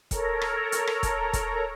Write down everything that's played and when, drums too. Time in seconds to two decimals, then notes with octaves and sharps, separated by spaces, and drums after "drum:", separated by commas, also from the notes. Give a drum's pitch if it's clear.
0.11 A4 A#4 C#5 A#5, drum: kick E1, hi-hat
0.42 drum: rim click
0.72 drum: hi-hat
0.87 drum: rim click
1.03 drum: kick E1, hi-hat
1.33 drum: kick E1, hi-hat